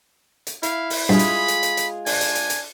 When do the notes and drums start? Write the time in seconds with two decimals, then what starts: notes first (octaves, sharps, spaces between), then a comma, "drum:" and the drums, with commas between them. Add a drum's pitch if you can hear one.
0.47 drum: hi-hat
0.63 E4 F5, drum: hi-hat
0.90 drum: open hi-hat
1.09 G2 G#3 F4 G#4 B5
1.19 drum: hi-hat
1.48 drum: hi-hat
1.63 drum: hi-hat
1.77 drum: hi-hat
2.06 D4 G#5, drum: open hi-hat
2.21 drum: hi-hat
2.35 drum: hi-hat
2.50 drum: hi-hat